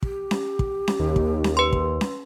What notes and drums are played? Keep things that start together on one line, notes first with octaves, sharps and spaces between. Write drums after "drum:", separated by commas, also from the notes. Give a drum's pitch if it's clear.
G4, drum: kick
drum: snare C#4
drum: kick
drum: snare C#4
D#2
drum: kick
drum: snare C#4
B4 C6
drum: kick
drum: snare C#4